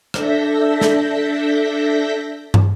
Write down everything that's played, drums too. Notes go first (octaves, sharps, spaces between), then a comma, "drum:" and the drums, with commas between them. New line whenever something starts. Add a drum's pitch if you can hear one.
D4 A4 E5 G6 A#6 B6, drum: rim click
drum: snare
drum: tom